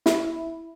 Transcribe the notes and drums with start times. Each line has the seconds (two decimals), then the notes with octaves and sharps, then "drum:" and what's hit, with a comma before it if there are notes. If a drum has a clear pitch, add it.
0.06 E4, drum: snare